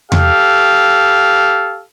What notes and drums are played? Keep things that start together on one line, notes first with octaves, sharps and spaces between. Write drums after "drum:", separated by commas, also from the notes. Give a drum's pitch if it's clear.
G4 A4 F5, drum: tom E2